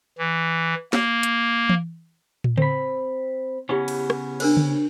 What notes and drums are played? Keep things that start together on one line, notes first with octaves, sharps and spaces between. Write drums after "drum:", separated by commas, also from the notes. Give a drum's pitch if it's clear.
E3
A#3, drum: snare
drum: hi-hat
drum: tom E3
drum: tom
C4 B5, drum: tom C#3
C#3 B3 C#4 E4 G4
drum: cymbal
drum: rim click
D4 A#4 C5, drum: cymbal
drum: tom C#3